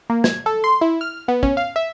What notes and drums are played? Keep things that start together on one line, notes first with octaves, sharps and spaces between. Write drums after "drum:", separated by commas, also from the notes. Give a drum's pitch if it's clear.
A#3
G#6, drum: snare
A4
C6
E4
F6
B3
C#4, drum: kick
F5
E5